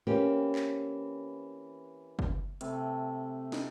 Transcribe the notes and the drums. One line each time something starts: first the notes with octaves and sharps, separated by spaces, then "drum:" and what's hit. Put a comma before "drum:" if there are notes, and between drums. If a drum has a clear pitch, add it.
E3 A#3 C4 C#4 G4
drum: clap
drum: kick
C3 A3, drum: hi-hat
D#4, drum: snare